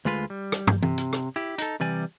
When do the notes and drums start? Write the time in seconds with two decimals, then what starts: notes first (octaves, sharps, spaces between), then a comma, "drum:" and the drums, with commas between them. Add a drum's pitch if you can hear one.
0.05 D2 G#3 F4 B4
0.30 G3
0.52 drum: rim click
0.67 drum: tom
0.83 C3, drum: tom
0.98 drum: hi-hat
1.13 drum: rim click
1.36 E4 G4
1.58 D#4 A4, drum: hi-hat
1.80 C3 E3 G3 D5 G#5